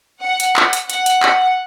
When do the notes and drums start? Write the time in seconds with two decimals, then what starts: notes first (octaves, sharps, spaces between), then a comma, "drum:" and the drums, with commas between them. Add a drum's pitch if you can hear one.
0.21 F#5
0.40 drum: hi-hat
0.56 drum: clap
0.73 drum: hi-hat
0.90 F#5, drum: hi-hat
1.06 drum: hi-hat
1.23 drum: clap